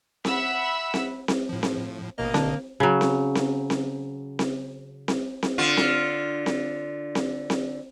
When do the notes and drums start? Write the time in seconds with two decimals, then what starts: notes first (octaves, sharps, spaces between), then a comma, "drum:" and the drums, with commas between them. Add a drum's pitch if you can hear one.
0.25 E5 F#5 B5 E6, drum: snare C4
0.94 drum: snare C4
1.28 drum: snare C4
1.49 A2 F3
1.63 drum: snare C4
2.18 A1 B2 A#3 D#5
2.34 D3 D4, drum: snare C4
2.80 C#3 F#3
3.01 drum: snare C4
3.35 drum: snare C4
3.70 drum: snare C4
4.39 drum: snare C4
5.08 drum: snare C4
5.43 drum: snare C4
5.58 D3 F4
5.77 drum: snare C4
6.46 drum: snare C4
7.15 drum: snare C4
7.50 drum: snare C4